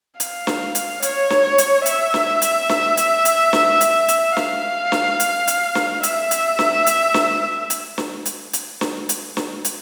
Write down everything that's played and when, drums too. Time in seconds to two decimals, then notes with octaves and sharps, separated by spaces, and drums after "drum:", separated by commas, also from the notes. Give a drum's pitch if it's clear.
0.20 F5, drum: hi-hat
0.47 drum: snare
0.75 drum: hi-hat
1.02 C#5, drum: hi-hat
1.30 drum: snare
1.58 drum: hi-hat
1.86 E5, drum: hi-hat
2.14 drum: snare
2.42 drum: hi-hat
2.69 drum: snare
2.97 drum: hi-hat
3.25 drum: hi-hat
3.53 drum: snare
3.81 drum: hi-hat
4.08 drum: hi-hat
4.37 F5, drum: snare
4.92 drum: snare
5.20 drum: hi-hat
5.47 drum: hi-hat
5.75 drum: snare
6.03 E5, drum: hi-hat
6.31 drum: hi-hat
6.59 drum: snare
6.86 drum: hi-hat
7.14 drum: snare
7.70 drum: hi-hat
7.98 drum: snare
8.25 drum: hi-hat
8.53 drum: hi-hat
8.81 drum: snare
9.09 drum: hi-hat
9.37 drum: snare
9.65 drum: hi-hat